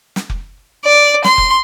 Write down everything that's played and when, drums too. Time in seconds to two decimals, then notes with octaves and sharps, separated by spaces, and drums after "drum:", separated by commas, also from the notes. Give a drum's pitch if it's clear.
0.16 drum: snare
0.30 drum: kick F1
0.84 D5
1.24 C6, drum: snare
1.38 drum: kick F1